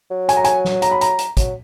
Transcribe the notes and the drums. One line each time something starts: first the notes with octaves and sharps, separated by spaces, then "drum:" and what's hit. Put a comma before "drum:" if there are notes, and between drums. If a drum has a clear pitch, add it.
F#3
G#5, drum: hi-hat
A#5
G#5, drum: hi-hat
drum: snare
A#5, drum: hi-hat
B5
A#5, drum: hi-hat
drum: hi-hat
F#3, drum: kick, hi-hat